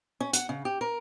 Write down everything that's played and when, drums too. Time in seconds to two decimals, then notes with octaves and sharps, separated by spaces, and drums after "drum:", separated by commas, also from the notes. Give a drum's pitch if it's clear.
0.20 C#4
0.33 F#5, drum: hi-hat
0.49 C#3
0.65 G4
0.81 A#4